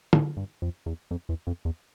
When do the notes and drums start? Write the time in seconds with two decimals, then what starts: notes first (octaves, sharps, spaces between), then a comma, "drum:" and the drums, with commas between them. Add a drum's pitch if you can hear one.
0.13 A2, drum: tom
0.37 G2
0.62 F2
0.86 E2
1.11 F2
1.29 E2
1.47 F2
1.65 E2